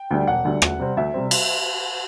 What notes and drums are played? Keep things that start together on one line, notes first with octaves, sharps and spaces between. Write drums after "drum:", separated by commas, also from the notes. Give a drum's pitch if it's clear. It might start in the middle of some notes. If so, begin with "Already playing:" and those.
Already playing: G5
D2 D3 G3
E1 F#5
D2 D3 G3
D2, drum: rim click
C3 G3 C4
D2 E5
C3 G3 C4
drum: cymbal